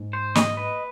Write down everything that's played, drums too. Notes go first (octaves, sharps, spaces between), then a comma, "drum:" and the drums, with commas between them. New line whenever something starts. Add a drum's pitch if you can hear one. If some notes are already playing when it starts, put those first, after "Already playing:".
Already playing: G#2
C5
D#5, drum: snare
B4